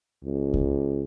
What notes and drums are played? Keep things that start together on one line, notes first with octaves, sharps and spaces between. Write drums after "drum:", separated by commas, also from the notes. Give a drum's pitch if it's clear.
C#2
drum: kick C#2